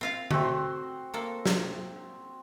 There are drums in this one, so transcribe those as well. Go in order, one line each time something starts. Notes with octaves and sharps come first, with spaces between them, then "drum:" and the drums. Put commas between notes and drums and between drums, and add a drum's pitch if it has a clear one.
C4 F4 F5
A3 C4 F#4, drum: tom D3
C6
A#3 A4
drum: snare